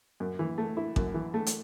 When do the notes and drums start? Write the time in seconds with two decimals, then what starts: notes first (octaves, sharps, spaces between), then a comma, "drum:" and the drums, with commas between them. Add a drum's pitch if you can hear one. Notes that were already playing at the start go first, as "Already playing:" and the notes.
0.20 F#2
0.39 E3
0.58 A3
0.77 E4
0.96 F#2, drum: kick A1
1.14 E3
1.34 A3
1.46 drum: hi-hat